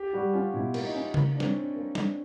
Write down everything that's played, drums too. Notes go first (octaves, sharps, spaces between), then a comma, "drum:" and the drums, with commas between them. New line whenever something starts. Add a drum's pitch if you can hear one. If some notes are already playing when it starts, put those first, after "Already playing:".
Already playing: G4
G3 F#4
C#4 F4
B2 E4
A#3, drum: cymbal
D#4
C#4
E4
A#3 D#4, drum: tom C#3
D4
C4, drum: snare
C#4
D4
A#3
D4, drum: snare